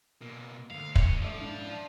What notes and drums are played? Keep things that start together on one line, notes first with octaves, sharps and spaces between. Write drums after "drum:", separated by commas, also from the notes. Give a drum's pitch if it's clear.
B2 A#3
D2 G2 F5
G#3 C#5, drum: kick
F2 G#2 F3 D5 E5 E6
G#2 D4 E4
F5 A5